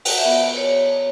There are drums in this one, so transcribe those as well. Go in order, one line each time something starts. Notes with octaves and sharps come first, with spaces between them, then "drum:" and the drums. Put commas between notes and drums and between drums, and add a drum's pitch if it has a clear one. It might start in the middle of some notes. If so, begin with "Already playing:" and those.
F#4 F#5, drum: open hi-hat
E5
B3
D5
F#4 D5
C#5